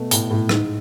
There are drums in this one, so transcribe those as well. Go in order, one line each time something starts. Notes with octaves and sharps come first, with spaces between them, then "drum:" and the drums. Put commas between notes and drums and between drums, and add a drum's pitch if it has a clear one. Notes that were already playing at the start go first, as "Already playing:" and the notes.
Already playing: B2 A3
A2, drum: hi-hat
A2
G#2, drum: rim click